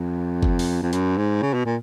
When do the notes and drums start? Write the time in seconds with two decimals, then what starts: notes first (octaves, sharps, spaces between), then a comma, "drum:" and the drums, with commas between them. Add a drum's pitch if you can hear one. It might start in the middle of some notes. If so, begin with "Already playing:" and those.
Already playing: F2
0.43 drum: kick F#1
0.59 drum: open hi-hat
0.82 F2
0.93 F#2, drum: hi-hat
1.17 G#2
1.42 C#3
1.54 B2
1.65 A#2